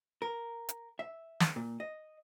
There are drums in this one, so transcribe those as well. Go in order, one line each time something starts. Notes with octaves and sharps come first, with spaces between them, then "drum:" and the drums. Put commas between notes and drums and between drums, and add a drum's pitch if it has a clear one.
A#4
drum: hi-hat
E5
drum: snare
A#2
D#5